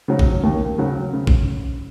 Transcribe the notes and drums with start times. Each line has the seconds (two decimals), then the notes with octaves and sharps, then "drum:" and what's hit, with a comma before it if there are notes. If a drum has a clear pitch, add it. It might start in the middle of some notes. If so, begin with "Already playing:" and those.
0.08 C#3 F#3
0.19 drum: kick
0.43 D#2
0.78 C#3 F#3
1.13 C#3
1.27 drum: kick